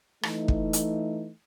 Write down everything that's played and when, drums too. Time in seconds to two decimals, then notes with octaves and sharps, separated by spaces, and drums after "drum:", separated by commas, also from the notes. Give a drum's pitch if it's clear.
0.23 E3 A3 D#4, drum: rim click
0.48 drum: kick
0.73 drum: hi-hat